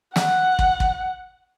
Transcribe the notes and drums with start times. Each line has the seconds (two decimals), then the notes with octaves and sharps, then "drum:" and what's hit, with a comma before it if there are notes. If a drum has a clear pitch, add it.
0.16 F#5, drum: snare
0.59 drum: kick
0.80 drum: kick